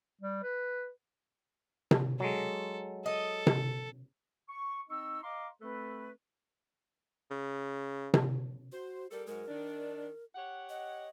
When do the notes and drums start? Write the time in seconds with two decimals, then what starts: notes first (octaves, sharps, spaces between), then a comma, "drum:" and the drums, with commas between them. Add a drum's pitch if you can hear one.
0.21 G3
0.43 B4
1.91 drum: tom C3
2.20 F#3 G#3 A4
3.06 A4 D#5
3.47 drum: tom C3
4.49 C#6
4.89 C4 D#4 D#5 C#6 E6
5.23 D#5 F5 A#5 C6 D6
5.62 A3 C4 A4 B4
7.31 C#3
8.14 drum: tom C3
8.72 F#4 C5
9.11 G3 A4 A#4
9.27 G#2 F#3 G#3 A#4
9.48 D#3 D4
10.35 G4 C#5 F#5
10.70 D#5